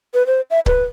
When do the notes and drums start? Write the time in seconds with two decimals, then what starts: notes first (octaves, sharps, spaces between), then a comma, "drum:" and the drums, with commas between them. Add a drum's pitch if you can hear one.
0.14 B4
0.27 C5
0.50 E5
0.66 B4, drum: kick C#1